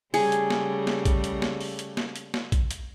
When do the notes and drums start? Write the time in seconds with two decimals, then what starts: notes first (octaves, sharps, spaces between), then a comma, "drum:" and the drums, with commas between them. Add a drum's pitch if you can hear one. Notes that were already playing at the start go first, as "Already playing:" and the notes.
0.14 C#3 G3 A3 G#4, drum: open hi-hat
0.32 drum: hi-hat
0.50 drum: snare
0.87 drum: snare
1.05 drum: kick A#1, hi-hat
1.24 drum: hi-hat
1.42 drum: snare
1.61 drum: open hi-hat
1.79 drum: hi-hat
1.97 drum: snare
2.16 drum: hi-hat
2.34 drum: snare
2.52 drum: kick A#1, hi-hat
2.71 drum: hi-hat